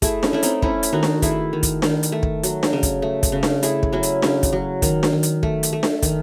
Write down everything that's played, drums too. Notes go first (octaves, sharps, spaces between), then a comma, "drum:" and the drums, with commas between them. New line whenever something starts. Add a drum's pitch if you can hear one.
A3 E4 G#4, drum: kick, hi-hat
C#4, drum: snare D4
A3 E4
C4 D#4, drum: hi-hat
A3 C#4 E4, drum: kick
drum: hi-hat
D#3 D#4 F#4
drum: snare D4
A3 E4 G#4, drum: kick, hi-hat
D#3
drum: kick, hi-hat
D#3, drum: snare D4
drum: hi-hat
A3
drum: kick
F#3, drum: hi-hat
drum: snare D4
C#3
drum: kick, hi-hat
A3
drum: kick, hi-hat
C#3
drum: snare D4
A3 E4 G#4, drum: hi-hat
drum: kick
F#3 C#4 E4
drum: hi-hat
C#3 C#4, drum: snare D4
drum: kick, hi-hat
F#3
D#3, drum: kick, hi-hat
drum: snare D4
D#3
drum: hi-hat
A3, drum: kick
drum: hi-hat
A3
drum: snare D4
D#3, drum: kick, hi-hat